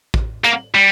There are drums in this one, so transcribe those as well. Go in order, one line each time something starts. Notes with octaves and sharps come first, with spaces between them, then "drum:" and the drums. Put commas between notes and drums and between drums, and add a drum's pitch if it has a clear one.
drum: kick
A#3, drum: hi-hat
G3